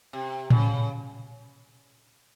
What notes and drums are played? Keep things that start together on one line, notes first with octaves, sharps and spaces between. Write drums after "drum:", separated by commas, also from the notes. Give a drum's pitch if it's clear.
C3
C#3, drum: tom A2